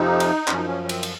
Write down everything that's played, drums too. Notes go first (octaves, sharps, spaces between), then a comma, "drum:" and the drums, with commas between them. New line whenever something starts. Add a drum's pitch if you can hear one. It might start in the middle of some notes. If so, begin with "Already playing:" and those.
Already playing: F2 C3 F3 D#4
drum: cymbal
F#2 F3 C#4, drum: clap
D#4
C#4
C#4
C4, drum: cymbal
drum: cymbal